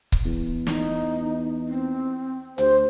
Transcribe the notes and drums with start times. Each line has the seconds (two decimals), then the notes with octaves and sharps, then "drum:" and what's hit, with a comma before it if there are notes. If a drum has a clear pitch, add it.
0.12 drum: kick C#1
0.25 E2
0.67 D#4, drum: snare
1.68 C4
2.58 D2 G4 C5, drum: hi-hat